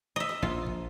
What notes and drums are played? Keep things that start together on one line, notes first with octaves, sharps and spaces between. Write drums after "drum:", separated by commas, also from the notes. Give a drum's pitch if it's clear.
D#5 E5
drum: snare
A#1 F4
drum: kick